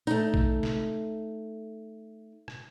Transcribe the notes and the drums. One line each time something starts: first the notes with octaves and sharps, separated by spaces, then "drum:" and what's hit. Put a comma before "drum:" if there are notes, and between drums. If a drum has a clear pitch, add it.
A3 D#4, drum: tambourine
drum: kick A#1
drum: snare
drum: rim click